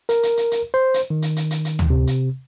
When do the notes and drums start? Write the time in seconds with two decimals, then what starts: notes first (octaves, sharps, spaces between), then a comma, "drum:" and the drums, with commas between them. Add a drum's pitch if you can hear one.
0.09 A#4, drum: hi-hat
0.23 drum: hi-hat
0.37 drum: hi-hat
0.51 drum: hi-hat
0.74 C5
0.94 drum: hi-hat
1.10 D#3
1.22 drum: hi-hat
1.36 drum: hi-hat
1.51 drum: hi-hat
1.65 drum: hi-hat
1.79 drum: tom
1.90 C3
2.07 drum: hi-hat